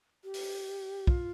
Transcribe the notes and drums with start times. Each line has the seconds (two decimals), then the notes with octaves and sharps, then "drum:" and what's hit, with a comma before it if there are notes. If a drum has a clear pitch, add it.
0.24 G4
0.34 drum: open hi-hat
1.07 F4, drum: kick